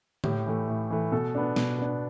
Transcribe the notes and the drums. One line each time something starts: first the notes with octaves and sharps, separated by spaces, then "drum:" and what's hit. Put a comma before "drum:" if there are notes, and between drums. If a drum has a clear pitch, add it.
A2 G4, drum: tom
E3 A3
A2
E3 A3
B2 A4
B3 D4
B2, drum: snare
B3 D4